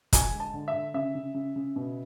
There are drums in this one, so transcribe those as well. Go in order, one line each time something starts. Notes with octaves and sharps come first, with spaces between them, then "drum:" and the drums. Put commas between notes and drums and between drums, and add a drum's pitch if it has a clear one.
D3 G#5, drum: kick, hi-hat
G#3
A5
D3
E5
D3
C#3 E5
C#3
C#3
C#3
B2